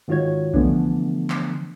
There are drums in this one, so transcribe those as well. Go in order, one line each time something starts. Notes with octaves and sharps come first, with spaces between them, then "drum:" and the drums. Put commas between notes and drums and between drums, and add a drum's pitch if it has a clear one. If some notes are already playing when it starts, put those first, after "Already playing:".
G#2 D#3 F4 F#4 C#5 G#6
D3 E3 F3 A3 B3 D4, drum: kick B1
drum: clap